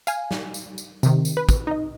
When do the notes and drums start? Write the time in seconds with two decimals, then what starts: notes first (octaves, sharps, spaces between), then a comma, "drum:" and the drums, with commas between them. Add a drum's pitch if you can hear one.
0.07 F5 G#5, drum: tambourine
0.31 drum: snare
0.54 drum: tambourine
0.78 drum: tambourine
1.03 C3 D#3, drum: tambourine
1.25 drum: tambourine
1.37 B4
1.49 drum: kick, tambourine
1.67 D#4 D#5